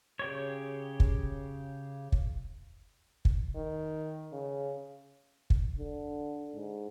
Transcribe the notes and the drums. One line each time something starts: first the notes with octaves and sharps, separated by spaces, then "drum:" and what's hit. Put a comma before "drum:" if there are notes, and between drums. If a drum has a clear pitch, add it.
C#3 G4 C#5
drum: kick
drum: kick
drum: kick
D#3
C#3
drum: kick
D3
G#2